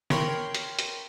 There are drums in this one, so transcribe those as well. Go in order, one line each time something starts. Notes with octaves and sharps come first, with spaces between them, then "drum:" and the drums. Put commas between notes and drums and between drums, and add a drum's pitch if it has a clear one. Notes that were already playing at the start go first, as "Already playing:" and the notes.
A#4 C#5 G5 B5 C6, drum: snare
drum: hi-hat
drum: hi-hat